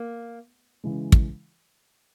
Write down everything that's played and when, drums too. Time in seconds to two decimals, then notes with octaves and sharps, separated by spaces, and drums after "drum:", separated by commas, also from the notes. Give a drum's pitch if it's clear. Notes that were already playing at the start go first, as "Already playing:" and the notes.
Already playing: A#3
0.84 C#3 E3 G#3
1.12 drum: kick